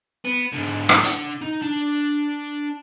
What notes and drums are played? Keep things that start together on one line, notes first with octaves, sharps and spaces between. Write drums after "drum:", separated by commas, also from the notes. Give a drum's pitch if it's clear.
B3
G#2 D3
drum: rim click
D4 F#5, drum: hi-hat
D#4
D4